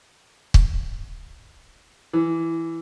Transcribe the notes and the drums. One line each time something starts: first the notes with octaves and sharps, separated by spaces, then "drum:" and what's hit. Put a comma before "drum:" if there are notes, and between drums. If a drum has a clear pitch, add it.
drum: kick
E3